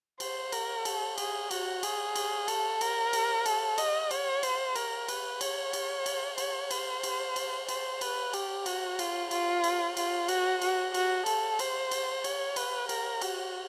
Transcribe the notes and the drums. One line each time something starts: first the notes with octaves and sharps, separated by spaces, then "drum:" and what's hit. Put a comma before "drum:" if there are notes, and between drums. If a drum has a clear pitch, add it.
C5, drum: cymbal
A#4, drum: cymbal
A4, drum: cymbal
G#4, drum: cymbal
F#4, drum: cymbal
G#4, drum: cymbal
drum: cymbal
A4, drum: cymbal
A#4, drum: cymbal
drum: cymbal
A4, drum: cymbal
D#5, drum: cymbal
C#5, drum: cymbal
C5, drum: cymbal
A#4, drum: cymbal
B4, drum: cymbal
C#5, drum: cymbal
drum: cymbal
drum: cymbal
C#5, drum: cymbal
C5, drum: cymbal
drum: cymbal
drum: cymbal
C5, drum: cymbal
B4, drum: cymbal
G4, drum: cymbal
F#4, drum: cymbal
F4, drum: cymbal
F4, drum: cymbal
drum: cymbal
F4, drum: cymbal
F#4, drum: cymbal
F#4, drum: cymbal
F#4, drum: cymbal
A4, drum: cymbal
C5, drum: cymbal
drum: cymbal
C#5, drum: cymbal
B4, drum: cymbal
A#4, drum: cymbal
F#4, drum: cymbal